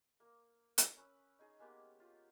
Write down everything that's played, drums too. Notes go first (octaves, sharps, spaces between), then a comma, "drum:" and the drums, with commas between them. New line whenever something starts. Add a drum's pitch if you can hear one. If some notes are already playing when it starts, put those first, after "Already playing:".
A#3
drum: hi-hat
C#4 B4 E6
D#4 G#4
G#3 A#3 B3 G4
F4